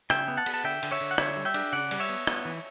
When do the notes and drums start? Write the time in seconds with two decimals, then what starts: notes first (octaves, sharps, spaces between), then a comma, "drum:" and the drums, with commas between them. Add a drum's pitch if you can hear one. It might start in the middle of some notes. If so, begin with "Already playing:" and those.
0.10 C#3 E5 G5, drum: rim click
0.28 B3
0.37 F#5 A5
0.46 B3, drum: cymbal
0.54 A5
0.64 D3 E5 G5
0.83 D3, drum: cymbal
0.92 C#5 E5
1.01 D3
1.11 F#5
1.18 D3 C#5 E5, drum: rim click
1.37 G3
1.45 E5 G5
1.54 D4, drum: cymbal
1.73 C#3 D5 F#5
1.91 G3, drum: cymbal
2.00 C#5 E5
2.09 B3
2.27 B3, drum: rim click
2.45 E3